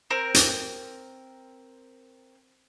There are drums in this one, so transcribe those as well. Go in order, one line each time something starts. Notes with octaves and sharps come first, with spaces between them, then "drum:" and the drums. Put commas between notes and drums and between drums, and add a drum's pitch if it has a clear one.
C4 A#4
drum: hi-hat